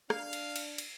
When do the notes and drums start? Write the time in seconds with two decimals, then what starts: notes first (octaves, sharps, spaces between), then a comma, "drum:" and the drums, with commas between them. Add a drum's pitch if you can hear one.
0.10 D4 F5, drum: rim click
0.33 drum: cymbal
0.56 drum: cymbal
0.78 drum: cymbal